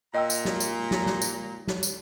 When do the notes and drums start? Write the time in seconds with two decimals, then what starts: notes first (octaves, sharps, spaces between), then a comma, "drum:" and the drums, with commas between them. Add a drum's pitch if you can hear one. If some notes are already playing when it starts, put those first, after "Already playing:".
0.15 A#2 D#5 G5 A#5 E6
0.30 drum: tambourine
0.45 drum: snare
0.60 drum: tambourine
0.91 drum: snare
1.06 drum: snare
1.22 drum: tambourine
1.67 drum: snare
1.83 drum: tambourine